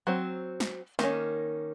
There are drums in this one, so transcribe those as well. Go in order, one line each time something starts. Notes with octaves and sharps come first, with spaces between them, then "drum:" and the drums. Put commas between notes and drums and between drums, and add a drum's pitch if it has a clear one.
F#3 C4
drum: snare
D#3 A#3 C#4, drum: snare